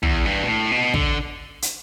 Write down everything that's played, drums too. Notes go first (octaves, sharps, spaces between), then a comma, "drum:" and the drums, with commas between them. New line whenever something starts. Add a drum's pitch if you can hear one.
E2, drum: tom
G2
B2
A2
B2
D3, drum: kick
drum: hi-hat